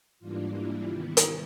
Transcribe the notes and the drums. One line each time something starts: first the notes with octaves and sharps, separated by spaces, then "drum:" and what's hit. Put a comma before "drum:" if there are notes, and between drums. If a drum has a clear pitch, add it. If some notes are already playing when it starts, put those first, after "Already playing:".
G#2 E3 G3 A#3 D4 F4
E4
C3 D#3 G3 B3
drum: hi-hat